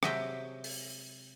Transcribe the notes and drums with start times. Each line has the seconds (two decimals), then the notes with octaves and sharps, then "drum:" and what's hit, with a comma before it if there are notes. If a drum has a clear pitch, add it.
0.03 C3 F#3 G#3 D#5 E5 G5, drum: rim click
0.64 drum: open hi-hat